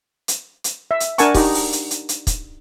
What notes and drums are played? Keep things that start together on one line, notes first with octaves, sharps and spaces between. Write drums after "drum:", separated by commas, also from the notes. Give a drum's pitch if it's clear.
drum: hi-hat
drum: hi-hat
E5
drum: hi-hat
D4 A#4 F#5 G#5 A5 C#6, drum: hi-hat
D#4 G4, drum: kick, open hi-hat
drum: open hi-hat
drum: hi-hat
drum: hi-hat
drum: hi-hat
drum: kick, hi-hat